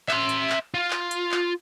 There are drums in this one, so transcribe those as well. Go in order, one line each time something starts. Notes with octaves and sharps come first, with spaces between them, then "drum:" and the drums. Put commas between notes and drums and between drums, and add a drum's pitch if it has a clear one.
E5 C6, drum: clap
drum: hi-hat
drum: clap
F4
drum: clap
drum: hi-hat
drum: clap